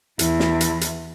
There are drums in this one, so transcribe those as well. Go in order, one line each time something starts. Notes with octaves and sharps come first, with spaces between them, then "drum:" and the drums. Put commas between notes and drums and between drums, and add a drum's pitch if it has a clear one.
E2 E4, drum: hi-hat
drum: snare
drum: hi-hat
drum: hi-hat